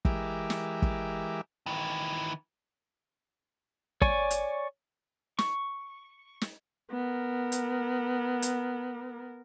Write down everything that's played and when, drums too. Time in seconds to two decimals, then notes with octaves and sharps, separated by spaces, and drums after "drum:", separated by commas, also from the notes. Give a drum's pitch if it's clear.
0.05 E3 G#3 G4 A#4 E5 D6, drum: kick
0.50 drum: snare
0.82 drum: kick
1.66 D#3 E3
4.02 C#5 D5 G#5 C#6, drum: kick
4.31 drum: hi-hat
5.39 C#6, drum: snare
6.41 drum: snare
6.91 B3 A#4
7.52 drum: hi-hat
8.42 drum: hi-hat